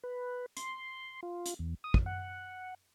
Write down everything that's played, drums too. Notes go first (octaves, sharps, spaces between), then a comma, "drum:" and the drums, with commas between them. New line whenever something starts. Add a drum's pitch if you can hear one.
B4
C6, drum: hi-hat
F4
drum: hi-hat
E2
D#6
drum: kick
F#5